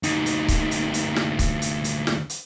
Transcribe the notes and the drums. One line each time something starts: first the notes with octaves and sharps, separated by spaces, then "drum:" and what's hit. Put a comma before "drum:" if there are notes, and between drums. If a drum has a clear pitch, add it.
D2 D#4, drum: hi-hat
drum: hi-hat
drum: kick C#1, hi-hat
drum: hi-hat
drum: hi-hat
drum: snare
drum: kick C#1, hi-hat
drum: hi-hat
drum: hi-hat
drum: snare
drum: hi-hat